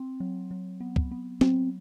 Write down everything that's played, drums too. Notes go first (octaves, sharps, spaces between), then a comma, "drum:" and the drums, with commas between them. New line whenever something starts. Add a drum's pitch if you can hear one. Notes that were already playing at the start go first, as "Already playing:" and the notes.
Already playing: C4
F#3
F#3
B3
drum: kick
B3
F#3 C4, drum: snare